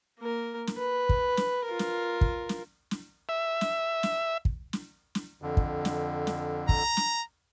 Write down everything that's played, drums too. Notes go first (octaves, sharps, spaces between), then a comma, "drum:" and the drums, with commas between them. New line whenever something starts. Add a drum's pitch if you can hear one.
A#3 A#4
drum: snare
B4
drum: kick
drum: snare
F4 A#4
drum: snare
drum: kick
drum: snare
drum: snare
E5
drum: snare
drum: snare
drum: kick
drum: snare
drum: snare
F2 D3
drum: kick
drum: snare
drum: snare
A#5, drum: kick
drum: snare